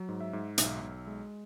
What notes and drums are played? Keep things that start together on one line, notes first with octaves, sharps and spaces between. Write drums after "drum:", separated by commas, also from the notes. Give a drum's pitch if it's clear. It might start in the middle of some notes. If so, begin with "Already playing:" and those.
Already playing: F#3
G#2
E5
G#2
B1 E5, drum: hi-hat
B1
G#3